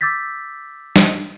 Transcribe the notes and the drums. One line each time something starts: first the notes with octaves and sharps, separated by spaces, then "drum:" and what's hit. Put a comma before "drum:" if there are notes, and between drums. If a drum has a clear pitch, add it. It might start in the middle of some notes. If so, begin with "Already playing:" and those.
D6 E6 G6 A6 B6
drum: snare